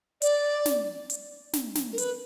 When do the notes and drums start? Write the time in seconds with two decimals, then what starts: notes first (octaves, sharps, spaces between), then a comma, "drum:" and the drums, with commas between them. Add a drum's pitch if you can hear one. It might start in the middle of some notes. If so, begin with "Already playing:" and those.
0.22 D5, drum: hi-hat
0.66 drum: snare
1.10 drum: hi-hat
1.54 drum: snare
1.76 drum: snare
1.93 A#4
1.98 B4, drum: hi-hat